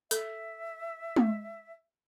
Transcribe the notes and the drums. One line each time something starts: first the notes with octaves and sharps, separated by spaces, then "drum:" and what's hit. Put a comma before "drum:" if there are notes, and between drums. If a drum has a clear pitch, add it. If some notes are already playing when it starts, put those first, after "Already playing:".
A4 E5, drum: hi-hat
drum: tom G#3